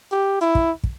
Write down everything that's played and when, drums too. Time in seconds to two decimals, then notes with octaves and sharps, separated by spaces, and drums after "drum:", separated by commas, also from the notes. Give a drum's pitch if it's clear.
0.12 G4
0.41 E4
0.55 drum: kick
0.84 drum: kick